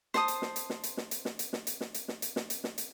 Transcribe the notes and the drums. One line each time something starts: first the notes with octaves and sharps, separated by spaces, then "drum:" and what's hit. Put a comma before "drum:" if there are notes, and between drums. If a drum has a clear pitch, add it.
C5 A5 D#6, drum: snare
drum: hi-hat
drum: snare
drum: hi-hat
drum: snare
drum: hi-hat
drum: snare
drum: hi-hat
drum: snare
drum: hi-hat
drum: snare
drum: hi-hat
drum: snare
drum: hi-hat
drum: snare
drum: hi-hat
drum: snare
drum: hi-hat
drum: snare
drum: hi-hat